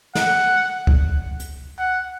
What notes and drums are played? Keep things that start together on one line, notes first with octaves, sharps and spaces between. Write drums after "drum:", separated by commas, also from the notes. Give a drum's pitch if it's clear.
F#5, drum: snare
drum: kick C#2
drum: hi-hat
F#5